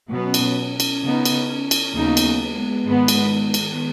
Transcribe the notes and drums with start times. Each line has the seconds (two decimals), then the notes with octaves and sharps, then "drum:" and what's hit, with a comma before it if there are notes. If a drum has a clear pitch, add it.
0.11 B2 F#3 B3 C#4
0.34 drum: cymbal
0.57 C#4
0.80 drum: cymbal
1.02 C#3 B3 D#4
1.25 drum: cymbal
1.71 drum: cymbal
1.94 D#2 C#3 F#3 B3 D#4
2.17 drum: cymbal
2.40 G#3
2.85 G#2 D#3 G#3 B3
3.08 drum: cymbal
3.31 G#3
3.54 drum: cymbal